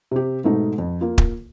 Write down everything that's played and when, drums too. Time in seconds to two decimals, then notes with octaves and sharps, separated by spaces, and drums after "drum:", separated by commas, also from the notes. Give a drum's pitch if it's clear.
0.11 C3 G4
0.44 G#2 B2 A3 D#4
0.78 F2
1.01 A#3 F4
1.18 drum: kick